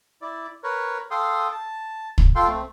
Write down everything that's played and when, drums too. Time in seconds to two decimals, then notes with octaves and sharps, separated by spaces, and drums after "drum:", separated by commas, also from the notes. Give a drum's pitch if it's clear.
0.22 E4 D5
0.63 A#4 B4 C#5
1.11 A4 F5 G5 C6 D#6
1.52 A5
2.18 drum: kick
2.35 F4 A4 F5 G5 C6
2.48 A3 C4